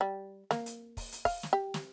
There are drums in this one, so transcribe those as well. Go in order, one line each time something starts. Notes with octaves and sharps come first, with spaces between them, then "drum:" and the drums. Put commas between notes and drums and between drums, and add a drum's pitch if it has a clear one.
G3
A#3, drum: snare
drum: hi-hat
drum: kick, open hi-hat
drum: hi-hat
F5, drum: kick, open hi-hat
drum: snare
G4
drum: snare